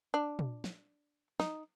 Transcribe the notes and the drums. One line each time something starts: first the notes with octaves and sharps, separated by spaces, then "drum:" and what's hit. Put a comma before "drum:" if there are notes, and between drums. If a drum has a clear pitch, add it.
D4
drum: tom
drum: snare
D#4, drum: snare